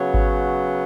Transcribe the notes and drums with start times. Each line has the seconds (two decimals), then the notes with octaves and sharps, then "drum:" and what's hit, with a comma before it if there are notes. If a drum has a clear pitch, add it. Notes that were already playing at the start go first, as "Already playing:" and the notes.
Already playing: C#3 F#3 B3 C#5
0.14 drum: kick G#1